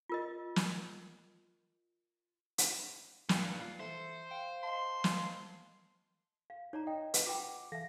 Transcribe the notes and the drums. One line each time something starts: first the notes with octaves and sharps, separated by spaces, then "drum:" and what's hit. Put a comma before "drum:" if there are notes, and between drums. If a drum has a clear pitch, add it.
F4 A#4 D#5
drum: snare
drum: hi-hat
G2 A#2 G5 F#6, drum: snare
F4
E3 A4 C5 E5
F5 G5
D#5 F5 A5 C6
drum: snare
F5
D#4 C#5 D5 A#5
D#5 G5
B4, drum: hi-hat
F4 F#5 G5 D6
E3 A4 E5 F5 A#6